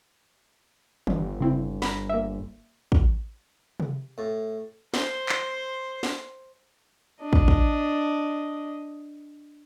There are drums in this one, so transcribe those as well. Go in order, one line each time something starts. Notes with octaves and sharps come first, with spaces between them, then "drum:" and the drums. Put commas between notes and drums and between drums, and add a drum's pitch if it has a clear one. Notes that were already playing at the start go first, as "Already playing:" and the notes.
G1, drum: tom D#3
C#3 C4 E4
A#5 B5, drum: snare
A#3 E5
drum: kick
drum: tom C3
A2
C5 C6, drum: snare
drum: clap
drum: snare
D4 D#5
drum: kick
drum: kick